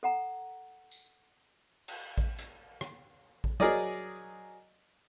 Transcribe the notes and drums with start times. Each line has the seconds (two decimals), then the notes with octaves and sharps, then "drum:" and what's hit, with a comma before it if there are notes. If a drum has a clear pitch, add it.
0.03 A4 F#5 A#5
0.91 drum: tambourine
1.88 drum: cymbal
2.18 drum: kick A1
2.39 drum: hi-hat
2.81 drum: rim click
3.44 drum: kick A1
3.60 F#3 G#4 A#4 D5 D#5, drum: tom F#3